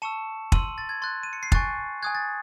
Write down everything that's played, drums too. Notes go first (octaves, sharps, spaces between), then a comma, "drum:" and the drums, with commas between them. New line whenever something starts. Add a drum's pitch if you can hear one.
A5 C#6 E6 C#7 E7
C6 E6 D#7 F#7, drum: kick
A6
G#6
C6 F#6 A6
D#7
C#7
C7
G#5 C#6 F#6 A6, drum: kick
G#5 D#6 F#6 G#6
A6